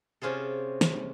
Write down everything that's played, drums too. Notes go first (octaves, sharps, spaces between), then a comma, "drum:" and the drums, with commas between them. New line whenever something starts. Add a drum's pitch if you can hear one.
C3 C#4 F4 G#4 A4
drum: snare